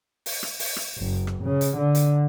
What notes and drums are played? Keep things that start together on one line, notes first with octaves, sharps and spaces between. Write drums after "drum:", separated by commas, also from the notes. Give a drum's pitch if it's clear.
drum: open hi-hat
drum: rim click
drum: open hi-hat
drum: rim click
F#1
drum: rim click
C#3
drum: hi-hat
D3
drum: hi-hat